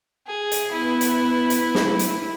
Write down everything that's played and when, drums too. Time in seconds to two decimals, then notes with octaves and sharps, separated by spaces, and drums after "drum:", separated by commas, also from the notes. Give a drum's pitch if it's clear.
0.27 G#4
0.52 drum: hi-hat
0.72 B3 E4 B4
1.01 drum: hi-hat
1.50 drum: hi-hat
1.75 drum: snare
1.99 drum: hi-hat